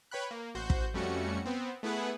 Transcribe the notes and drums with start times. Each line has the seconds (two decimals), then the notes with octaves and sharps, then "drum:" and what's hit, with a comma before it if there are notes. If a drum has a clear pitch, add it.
0.11 B4 C#5 G5 B5 F#6
0.31 A#3
0.55 A1 F#4 C5 G6
0.70 drum: kick
0.94 F2 G3 A3 C#4 F#4 C#7
1.45 B3 C4
1.83 A3 B3 E4 G#4 B4 F#5